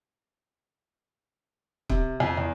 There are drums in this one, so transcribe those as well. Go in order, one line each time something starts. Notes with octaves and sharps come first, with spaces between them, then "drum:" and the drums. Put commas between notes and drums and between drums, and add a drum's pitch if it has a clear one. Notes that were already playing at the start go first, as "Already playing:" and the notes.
C3, drum: kick
F2
E2